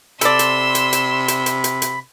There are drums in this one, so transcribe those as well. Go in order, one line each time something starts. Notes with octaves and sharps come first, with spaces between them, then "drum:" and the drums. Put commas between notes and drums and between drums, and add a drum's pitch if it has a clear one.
C3 A4 D5 B5 C6 E6, drum: hi-hat
drum: hi-hat
drum: hi-hat
drum: hi-hat
drum: hi-hat
drum: hi-hat
drum: hi-hat
drum: hi-hat